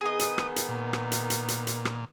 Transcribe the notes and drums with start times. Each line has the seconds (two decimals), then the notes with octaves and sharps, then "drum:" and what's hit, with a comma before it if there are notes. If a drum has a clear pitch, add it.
0.01 D#3 B3 G#4 D#5 D#6
0.19 drum: hi-hat
0.38 drum: rim click
0.56 drum: hi-hat
0.69 A#2
0.93 drum: rim click
1.12 drum: hi-hat
1.30 drum: hi-hat
1.48 drum: hi-hat
1.67 drum: hi-hat
1.85 drum: rim click